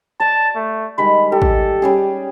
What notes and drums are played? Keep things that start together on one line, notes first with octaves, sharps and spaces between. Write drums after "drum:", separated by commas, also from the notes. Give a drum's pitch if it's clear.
D5 A5
A3
D#3 G3 G#3 B5
G4 A4
drum: kick
G3 C#4 G#4